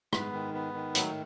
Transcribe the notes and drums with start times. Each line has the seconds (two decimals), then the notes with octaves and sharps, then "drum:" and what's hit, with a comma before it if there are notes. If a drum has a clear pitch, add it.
0.13 G#2 G#3 B3, drum: rim click
0.33 D#3
0.54 B3
0.74 D#3
0.95 A2 F#3 A3, drum: hi-hat